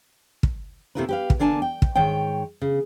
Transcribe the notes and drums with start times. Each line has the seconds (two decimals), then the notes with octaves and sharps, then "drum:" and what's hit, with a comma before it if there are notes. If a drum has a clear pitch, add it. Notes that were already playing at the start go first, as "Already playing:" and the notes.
0.43 drum: kick
0.95 C3 A3 A#3 E4 A#4 B4
1.09 G4 B4 F5
1.30 drum: kick
1.39 D3 A#3 D4 G#5 A5
1.62 G5
1.82 drum: kick
1.95 G#2 D#3 C#5 G5
2.62 C#3